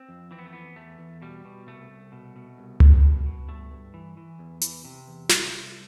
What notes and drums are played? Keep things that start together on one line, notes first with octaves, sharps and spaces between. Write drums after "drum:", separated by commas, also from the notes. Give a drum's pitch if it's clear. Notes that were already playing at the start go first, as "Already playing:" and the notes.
Already playing: C4
F2
E3 C4
B3
A3
E3 B3
E2 A3
E2
B2 G3
B2
C2 A3
C2
B2
B2
C2
C2, drum: tom C#2
B2
B2
G2 A3
G2
E3
E3
E2
E3, drum: hi-hat
C3
E2
C2 A3, drum: snare
C2